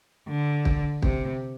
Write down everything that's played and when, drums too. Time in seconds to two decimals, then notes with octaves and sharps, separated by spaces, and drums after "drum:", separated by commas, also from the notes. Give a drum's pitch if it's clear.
0.28 D3
0.65 drum: kick
1.02 C3, drum: kick